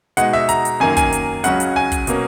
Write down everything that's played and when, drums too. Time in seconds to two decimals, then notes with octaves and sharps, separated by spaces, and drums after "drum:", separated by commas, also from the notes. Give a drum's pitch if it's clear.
0.17 B2 G#3 D#4 F#5, drum: hi-hat
0.33 E5
0.49 A#5, drum: hi-hat
0.65 drum: hi-hat
0.80 F#2 D#3 A#3 G#5
0.97 G#5, drum: kick, hi-hat
1.12 drum: hi-hat
1.44 C#2 C#3 F#3 C#4 F#5, drum: hi-hat
1.60 drum: hi-hat
1.76 G#5
1.92 drum: kick, hi-hat
2.07 B2 A#3 C#4, drum: hi-hat